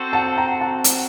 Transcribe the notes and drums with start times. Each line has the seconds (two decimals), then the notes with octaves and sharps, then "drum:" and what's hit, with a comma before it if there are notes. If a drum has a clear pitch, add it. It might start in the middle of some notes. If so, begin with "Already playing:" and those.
Already playing: C4 F#4 A4 C5
0.13 F#5 A5
0.38 G5 A#5
0.61 F#5 A5
0.84 drum: hi-hat